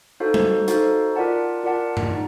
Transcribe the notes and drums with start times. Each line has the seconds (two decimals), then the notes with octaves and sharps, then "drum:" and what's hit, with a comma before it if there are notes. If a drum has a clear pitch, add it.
0.20 D#4 F#4 A4 C5 F5
0.34 drum: tom
0.68 D#4 F#4 A4 C5 F5, drum: hi-hat
1.16 F4 A#4 D5 F#5 A5
1.63 F4 A#4 D5 F#5 A5
1.97 drum: tom G2
2.11 D#4